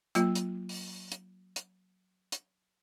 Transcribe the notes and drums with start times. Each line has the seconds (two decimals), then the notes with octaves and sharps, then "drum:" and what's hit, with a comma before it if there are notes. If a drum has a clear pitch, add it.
0.15 F#3 A#3 F4, drum: hi-hat
0.35 drum: hi-hat
0.69 drum: open hi-hat
1.12 drum: hi-hat
1.56 drum: hi-hat
2.32 drum: hi-hat